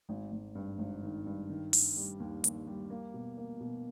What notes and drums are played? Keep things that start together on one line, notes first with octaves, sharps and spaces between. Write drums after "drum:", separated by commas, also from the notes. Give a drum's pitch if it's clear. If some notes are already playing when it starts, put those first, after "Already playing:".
G#1
G#1
G2
G#1
D#3
G2
D#3
D#3, drum: open hi-hat
G3
D#2
D#2, drum: hi-hat
G3
A#3
B2
A#3
B2